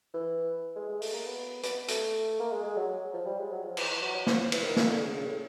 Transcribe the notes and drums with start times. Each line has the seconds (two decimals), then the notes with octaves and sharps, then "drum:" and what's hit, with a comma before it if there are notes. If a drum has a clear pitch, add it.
0.14 E3
0.76 G#3
0.89 G#3
1.02 A3, drum: open hi-hat
1.13 A#3
1.26 B3
1.63 B3, drum: hi-hat
1.88 A3, drum: hi-hat
2.40 A#3
2.51 G#3
2.64 G#3
2.76 F#3
3.14 F3
3.26 G3
3.39 G#3
3.51 F#3
3.64 F3
3.77 E3, drum: cymbal
3.89 E3
4.01 F#3
4.14 F#3
4.27 F3, drum: snare
4.39 F3
4.52 E3, drum: cymbal
4.64 D#3
4.76 D#3, drum: snare
4.89 D3
5.02 C#3
5.14 C#3
5.27 A2